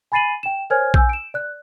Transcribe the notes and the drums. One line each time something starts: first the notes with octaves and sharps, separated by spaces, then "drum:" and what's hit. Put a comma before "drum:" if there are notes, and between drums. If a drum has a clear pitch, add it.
G#5 B5 A6 C7 D#7 F#7
G5 E7
A#4 C5 C#5 G#5 F6 G#6
G#5 E6 G6, drum: kick A#1
D7 E7
D5 F#6